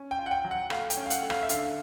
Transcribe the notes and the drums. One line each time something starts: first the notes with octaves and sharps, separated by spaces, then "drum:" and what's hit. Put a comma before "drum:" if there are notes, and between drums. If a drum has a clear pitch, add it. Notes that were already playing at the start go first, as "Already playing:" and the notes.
Already playing: C#4
G5
F4
F#5
G5
F#3
F#5
A3 F5, drum: rim click
G5, drum: hi-hat
C#4
F5
F#5, drum: hi-hat
A3
F5, drum: rim click
E5
D3 F5, drum: hi-hat